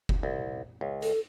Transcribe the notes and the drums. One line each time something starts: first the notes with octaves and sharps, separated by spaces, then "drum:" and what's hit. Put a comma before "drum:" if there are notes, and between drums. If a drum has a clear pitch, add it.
drum: kick F#1
C2
C#2
A4, drum: hi-hat